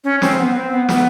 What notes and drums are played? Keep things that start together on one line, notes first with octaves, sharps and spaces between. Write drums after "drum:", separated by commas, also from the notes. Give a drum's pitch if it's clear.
C#4
C4, drum: snare
B3
C4
B3
B3, drum: snare